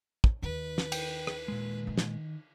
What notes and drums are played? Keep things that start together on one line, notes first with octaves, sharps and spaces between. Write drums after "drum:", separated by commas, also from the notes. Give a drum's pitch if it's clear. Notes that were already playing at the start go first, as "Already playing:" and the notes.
drum: kick
D#2 D#3 B4
drum: snare
G5, drum: cymbal
drum: rim click
A#2 G#3
D#3
drum: snare